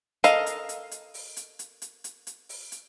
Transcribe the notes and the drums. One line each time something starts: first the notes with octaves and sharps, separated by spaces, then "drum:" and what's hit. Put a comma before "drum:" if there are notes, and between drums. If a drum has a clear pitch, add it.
A4 A#4 D#5 F5, drum: hi-hat
drum: hi-hat
drum: hi-hat
drum: hi-hat
drum: open hi-hat
drum: hi-hat
drum: hi-hat
drum: hi-hat
drum: hi-hat
drum: hi-hat
drum: open hi-hat
drum: hi-hat